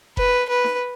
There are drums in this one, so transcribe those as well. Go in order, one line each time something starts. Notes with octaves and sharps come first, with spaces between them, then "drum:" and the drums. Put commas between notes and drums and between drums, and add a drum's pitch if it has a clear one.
B4, drum: kick F#1
B4
drum: snare D#4